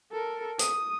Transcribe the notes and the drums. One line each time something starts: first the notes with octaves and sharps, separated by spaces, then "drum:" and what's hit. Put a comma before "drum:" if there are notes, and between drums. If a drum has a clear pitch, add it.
A4 A#4
D#6, drum: hi-hat